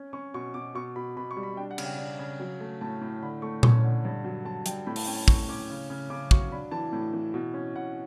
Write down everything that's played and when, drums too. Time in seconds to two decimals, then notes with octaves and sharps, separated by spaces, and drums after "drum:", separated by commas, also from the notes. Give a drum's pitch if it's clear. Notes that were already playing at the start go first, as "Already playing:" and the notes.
Already playing: C#4
0.13 C#4 C#6
0.34 B2 C#6
0.54 B2 D6
0.75 B2 C#6
0.96 B2 B5
1.16 B2 B5
1.31 C#6
1.37 G3
1.43 B5
1.57 D4 G5
1.71 F#5
1.78 C#3, drum: cymbal
1.85 G5
1.98 D4
2.19 C#3
2.40 F#3
2.60 A3
2.81 A2 A5
3.01 A2 A5
3.22 D3 B5
3.42 A3 C#6
3.63 C#4 C#6, drum: tom A#2
3.84 D3
4.05 G2
4.25 F#3
4.45 F#3 A5
4.66 G2 G5, drum: hi-hat
4.86 A2 B5
4.96 A5, drum: open hi-hat
5.06 C#4 G5
5.15 A5
5.28 A2 C#6, drum: kick
5.49 C#4 D6
5.70 C#3
5.90 C#3
6.10 C#3 D6
6.31 F#3 C#6, drum: kick
6.52 D4 B5
6.71 E3 A5
6.93 A2
7.13 E3
7.34 B2
7.54 C#4
7.75 B2 F#5